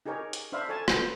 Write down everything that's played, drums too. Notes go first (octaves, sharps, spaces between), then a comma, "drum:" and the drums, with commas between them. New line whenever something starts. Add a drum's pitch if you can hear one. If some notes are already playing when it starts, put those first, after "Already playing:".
D#4 G4 G#4 A#4 C#5
drum: hi-hat
D4 C5 E5 F5 B5
A4 C#5 G#5 A5
B4 C5, drum: rim click